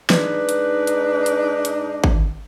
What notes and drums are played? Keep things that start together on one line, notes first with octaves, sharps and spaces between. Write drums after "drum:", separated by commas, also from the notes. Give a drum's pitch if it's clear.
G#2 D4 D#4 B4, drum: snare
drum: hi-hat
drum: hi-hat
drum: hi-hat
drum: hi-hat
drum: kick G#1